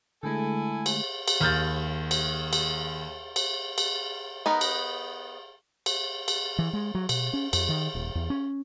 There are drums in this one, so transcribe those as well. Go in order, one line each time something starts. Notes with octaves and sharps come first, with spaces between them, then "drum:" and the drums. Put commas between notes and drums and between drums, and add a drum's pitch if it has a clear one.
D3 G#3 A3 E4 A4 G#5
drum: cymbal
drum: cymbal
D#2 F6 G6 A6
drum: cymbal
drum: cymbal
drum: cymbal
drum: cymbal
B3 D#4 A#4
drum: cymbal
drum: cymbal
drum: cymbal
E3
G#3
F#3
B2, drum: cymbal
C#4
F2, drum: cymbal
D#3
D#1
E2
C#4